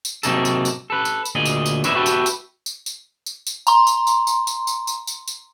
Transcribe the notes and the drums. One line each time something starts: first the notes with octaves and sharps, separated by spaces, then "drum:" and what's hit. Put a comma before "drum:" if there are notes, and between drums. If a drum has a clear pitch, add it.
drum: tambourine
C3 F#3 A#3 D#4 G#4 A4, drum: tambourine
drum: tambourine
drum: tambourine
A4 B4
drum: tambourine
drum: tambourine
D2 A#2 G#4 D#5
drum: tambourine
drum: tambourine
A2 D4 D#4 G#4 B4 E5, drum: tambourine
F#4 G4 A4 B4 E5
drum: tambourine
drum: tambourine
drum: tambourine
drum: tambourine
drum: tambourine
drum: tambourine
A#5 C6, drum: tambourine
drum: tambourine
drum: tambourine
drum: tambourine
drum: tambourine
drum: tambourine
drum: tambourine
drum: tambourine
drum: tambourine